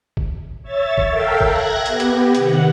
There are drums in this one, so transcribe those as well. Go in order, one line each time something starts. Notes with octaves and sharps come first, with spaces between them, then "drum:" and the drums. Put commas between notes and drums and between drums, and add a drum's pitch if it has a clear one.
drum: kick
C#5 E5 A6
drum: kick
A4 A#4 E5 F5 G5 E6
F#6 G#6 A#6, drum: kick
B3 G4, drum: hi-hat
drum: hi-hat
C3 D#3 F#5, drum: hi-hat